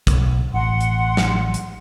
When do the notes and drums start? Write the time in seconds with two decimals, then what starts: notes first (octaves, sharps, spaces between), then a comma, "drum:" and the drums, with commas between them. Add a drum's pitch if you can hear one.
0.07 B1, drum: kick, hi-hat
0.54 A1 F#5 C6
0.81 drum: hi-hat
1.17 drum: snare
1.54 drum: hi-hat